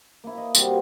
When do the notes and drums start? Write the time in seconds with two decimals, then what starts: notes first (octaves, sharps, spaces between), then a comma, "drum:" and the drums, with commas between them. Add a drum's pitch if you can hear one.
0.24 A#3 E4
0.37 D#5
0.55 C3 G3 F4 F#4, drum: tambourine
0.67 B4